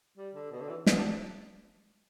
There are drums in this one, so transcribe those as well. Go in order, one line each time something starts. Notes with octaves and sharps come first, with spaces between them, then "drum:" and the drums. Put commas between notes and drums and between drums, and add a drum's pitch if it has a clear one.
G3
D3
B2
D3
E3
B3, drum: snare
D4